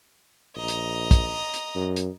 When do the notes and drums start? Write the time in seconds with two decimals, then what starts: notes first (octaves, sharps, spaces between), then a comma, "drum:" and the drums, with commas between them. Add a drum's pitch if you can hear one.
0.56 A#1 D#5 A#5
0.68 drum: hi-hat
1.11 drum: kick, hi-hat
1.54 drum: hi-hat
1.75 F#2
1.96 drum: hi-hat